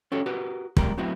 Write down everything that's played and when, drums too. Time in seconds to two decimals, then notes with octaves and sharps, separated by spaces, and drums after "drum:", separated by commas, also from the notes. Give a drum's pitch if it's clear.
0.12 C#4 F#4 G4 A4 C#5
0.26 F#4 G4 A#4 B4
0.77 E2 G3 G#3 G4 A#4 A#5, drum: kick
0.97 F#3 A3 B3 C4 E4 F#4